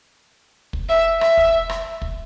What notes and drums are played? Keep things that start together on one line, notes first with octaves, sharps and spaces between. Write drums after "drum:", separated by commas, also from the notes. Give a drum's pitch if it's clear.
drum: kick
E5
E5, drum: rim click
drum: kick
drum: rim click
drum: kick